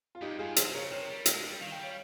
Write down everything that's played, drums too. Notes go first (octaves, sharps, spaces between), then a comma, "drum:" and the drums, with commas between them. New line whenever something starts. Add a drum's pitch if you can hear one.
F4
G2 D#4 G4
G2 F4 G#4
F3 G#4 C5, drum: hi-hat
C#3 A#4 C#5
C3 A#4 C#5
G3
G#3, drum: hi-hat
G3
D#3 F5
G5
G3 C#5 F5